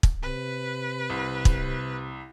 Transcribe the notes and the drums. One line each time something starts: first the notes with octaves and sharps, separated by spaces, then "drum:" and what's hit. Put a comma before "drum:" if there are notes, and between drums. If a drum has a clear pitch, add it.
drum: kick
C3 B4
C2
drum: kick